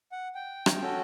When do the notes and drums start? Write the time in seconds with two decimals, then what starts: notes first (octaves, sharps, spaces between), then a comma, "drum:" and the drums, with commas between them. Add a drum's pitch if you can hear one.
0.12 F#5
0.35 G5
0.66 drum: rim click
0.81 C#4 F#4 A4